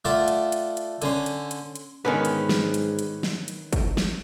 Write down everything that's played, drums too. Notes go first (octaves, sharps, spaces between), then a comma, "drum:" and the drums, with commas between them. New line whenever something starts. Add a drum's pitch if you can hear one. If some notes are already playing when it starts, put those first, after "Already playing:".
A3 F4 D5 F#5 A5
drum: hi-hat
drum: hi-hat
drum: hi-hat
D3 C#4 C6, drum: hi-hat
drum: hi-hat
drum: hi-hat
drum: hi-hat
G#2 D3 D#3 B3 C#4 A#4 B4
drum: hi-hat
drum: snare
drum: hi-hat
drum: hi-hat
drum: snare
drum: hi-hat
drum: kick, hi-hat
drum: snare